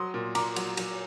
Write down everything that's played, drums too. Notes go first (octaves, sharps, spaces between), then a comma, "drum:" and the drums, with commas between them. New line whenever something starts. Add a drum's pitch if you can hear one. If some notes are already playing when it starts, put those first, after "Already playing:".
Already playing: F#3 C6 D#6
A#2
A#2 A#5 D6, drum: cymbal
F#3, drum: cymbal
F#3, drum: cymbal